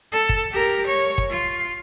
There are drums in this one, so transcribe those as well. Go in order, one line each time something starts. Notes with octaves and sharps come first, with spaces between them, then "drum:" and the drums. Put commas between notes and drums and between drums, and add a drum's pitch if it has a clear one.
A4
drum: kick
G4 A#4
C#5
drum: kick
F4